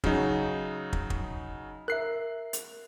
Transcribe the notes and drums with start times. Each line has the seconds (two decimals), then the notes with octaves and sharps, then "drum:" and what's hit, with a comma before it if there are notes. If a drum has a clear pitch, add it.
0.04 C#3 F#3 D#4, drum: kick
0.93 drum: kick
1.10 drum: kick
1.88 A#4 E5 F#6 C7
2.53 drum: hi-hat